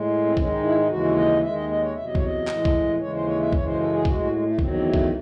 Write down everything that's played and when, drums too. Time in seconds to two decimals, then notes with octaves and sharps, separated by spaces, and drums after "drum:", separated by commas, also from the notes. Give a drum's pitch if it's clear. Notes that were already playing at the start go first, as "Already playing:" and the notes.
Already playing: A2 G#3
0.26 C4
0.37 G#2 D#3 G#3 C#4, drum: kick
0.49 D#4
0.63 E4
0.76 D#4
0.89 D#2 C#3 E3 G#3 F#4
1.16 D#5
1.42 D#2 D#3 G#3 E5
1.55 D#5
1.69 D#5
1.81 C#5
1.95 E2 C3 F#3 E5
2.05 D#5
2.15 C#5, drum: kick
2.24 D#5
2.47 A2 E3 G#3, drum: clap
2.65 drum: kick
3.00 D#2 C#3 E3 G#3 C#5
3.14 C5
3.26 C#5
3.40 E5
3.52 F#2 C#3 E3 G#3 C#5, drum: kick
3.66 C5
3.80 A4
3.93 G#4
4.05 A2 G#3 F#4, drum: kick
4.19 F#4
4.32 G#3
4.45 A3
4.59 E2 D#3 F#3 C4, drum: kick
4.73 C4
4.84 A3
4.94 drum: kick